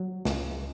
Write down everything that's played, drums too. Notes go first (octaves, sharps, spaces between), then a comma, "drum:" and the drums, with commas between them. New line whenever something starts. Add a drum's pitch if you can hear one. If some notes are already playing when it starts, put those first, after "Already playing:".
Already playing: F#3
C#2, drum: snare